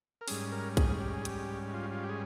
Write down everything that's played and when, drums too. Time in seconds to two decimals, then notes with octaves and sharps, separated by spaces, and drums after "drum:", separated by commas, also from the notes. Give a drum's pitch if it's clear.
0.21 A#4
0.28 G#2 G3 C#4 G#4, drum: open hi-hat
0.52 A#4
0.77 G#4, drum: kick B1, hi-hat
1.00 G4
1.14 G#4
1.25 G4, drum: hi-hat
1.74 F4
1.92 F4
2.03 G4
2.09 G#4